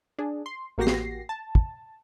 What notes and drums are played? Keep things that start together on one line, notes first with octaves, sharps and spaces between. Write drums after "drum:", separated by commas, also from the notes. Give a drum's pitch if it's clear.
D4 G#4
C6
A1 A#3 F#4 G4 A#6 C7
drum: snare
A5
drum: kick